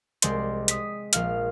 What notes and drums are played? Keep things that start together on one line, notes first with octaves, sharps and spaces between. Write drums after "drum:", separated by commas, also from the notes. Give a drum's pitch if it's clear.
C2 G#3 C5 D5 C6, drum: hi-hat
D#6 B6, drum: hi-hat
A#1 F5 F6, drum: hi-hat